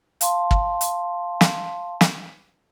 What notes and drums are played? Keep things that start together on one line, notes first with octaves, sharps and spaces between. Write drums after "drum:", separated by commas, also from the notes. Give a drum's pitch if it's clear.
F5 A5 C6, drum: hi-hat
drum: kick
drum: hi-hat
drum: snare
drum: snare